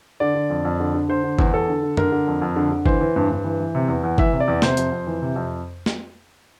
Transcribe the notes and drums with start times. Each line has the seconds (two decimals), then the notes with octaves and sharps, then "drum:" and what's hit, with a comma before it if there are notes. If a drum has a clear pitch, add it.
0.20 D3 D5
0.35 D3
0.50 F2
0.65 F2
0.80 D3
0.94 D3
1.09 D3 C5
1.24 D3
1.39 E2, drum: kick
1.54 E2 A4
1.68 D3
1.83 D3
1.97 D3 A#4, drum: tom F#2
2.12 D3
2.27 F2
2.42 F2
2.56 D3
2.71 D3
2.86 E3 C5, drum: kick
3.01 E3
3.16 G2
3.30 G2
3.44 E3
3.59 E3
3.75 C3
3.88 E2
4.04 E2
4.18 E3 E5, drum: kick
4.33 C3
4.40 D5
4.48 E2
4.62 C3 C5, drum: snare
4.77 F2, drum: hi-hat
4.91 F2
5.07 E3
5.22 C3
5.36 F2
5.86 drum: snare